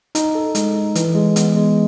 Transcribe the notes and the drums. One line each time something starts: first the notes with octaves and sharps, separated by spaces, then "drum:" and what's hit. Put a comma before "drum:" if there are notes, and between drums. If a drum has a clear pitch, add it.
D#4, drum: hi-hat
A4
G#3, drum: hi-hat
D#4
E3, drum: hi-hat
G#3
B3, drum: hi-hat
G#3